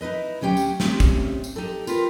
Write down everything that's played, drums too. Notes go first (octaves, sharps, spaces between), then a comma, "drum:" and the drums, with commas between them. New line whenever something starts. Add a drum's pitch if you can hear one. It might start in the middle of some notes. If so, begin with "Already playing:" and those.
D#4 E4 B4 D#5
D2 F#3 C#4 G4 F#5 G5
drum: tambourine
A3 C4 C#4 G4, drum: snare
drum: kick, tambourine
drum: tambourine
D#4 G4 A4
F4 G4 A#4 B4, drum: tambourine